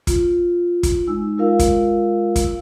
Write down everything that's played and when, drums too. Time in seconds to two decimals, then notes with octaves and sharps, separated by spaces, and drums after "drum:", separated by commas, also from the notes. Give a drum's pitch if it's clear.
0.07 F4, drum: kick, hi-hat
0.83 drum: kick, hi-hat
1.07 G#3 D#4 E6
1.38 G#3 F4 A#4 F5 E6
1.59 drum: kick, hi-hat
2.36 drum: kick, hi-hat